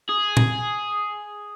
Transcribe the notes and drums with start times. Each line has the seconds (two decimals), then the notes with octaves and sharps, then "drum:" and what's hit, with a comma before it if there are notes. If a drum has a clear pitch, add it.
0.09 G#4
0.37 drum: tom